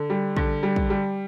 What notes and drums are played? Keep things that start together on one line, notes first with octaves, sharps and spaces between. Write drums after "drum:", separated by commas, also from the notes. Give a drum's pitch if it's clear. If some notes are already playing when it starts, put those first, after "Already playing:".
Already playing: D3
G3
D3, drum: kick
G3
drum: kick
G3